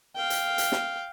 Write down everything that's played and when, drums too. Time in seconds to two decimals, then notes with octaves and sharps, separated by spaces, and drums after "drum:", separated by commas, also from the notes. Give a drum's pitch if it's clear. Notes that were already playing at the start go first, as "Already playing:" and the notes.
0.16 F5 G5
0.30 drum: hi-hat
0.58 drum: hi-hat
0.72 drum: snare